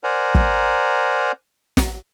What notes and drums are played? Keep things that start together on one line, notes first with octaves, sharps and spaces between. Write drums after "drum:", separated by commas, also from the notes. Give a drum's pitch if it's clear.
A#4 C5 D5 F#5 G#5 A#5
drum: kick
drum: snare